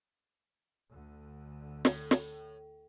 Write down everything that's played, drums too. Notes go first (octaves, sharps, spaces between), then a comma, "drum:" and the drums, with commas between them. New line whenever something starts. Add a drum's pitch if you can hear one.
D2 D3
A2, drum: snare
drum: snare